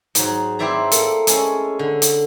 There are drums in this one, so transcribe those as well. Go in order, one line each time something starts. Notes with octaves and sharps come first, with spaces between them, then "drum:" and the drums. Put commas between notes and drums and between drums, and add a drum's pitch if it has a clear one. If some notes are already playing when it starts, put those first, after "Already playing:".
G#2 F#3, drum: hi-hat
C4 E4 C5 D5 E5 A#5
A#3 A4, drum: hi-hat
G#3 C#4 A4, drum: hi-hat
D3
drum: hi-hat